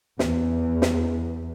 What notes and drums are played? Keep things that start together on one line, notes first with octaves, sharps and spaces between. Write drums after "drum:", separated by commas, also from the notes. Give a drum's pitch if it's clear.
E2, drum: snare
drum: snare